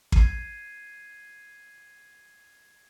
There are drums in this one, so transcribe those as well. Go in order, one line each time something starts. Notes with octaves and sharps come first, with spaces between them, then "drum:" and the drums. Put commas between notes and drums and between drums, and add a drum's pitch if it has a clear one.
G#6 C7 D#7, drum: kick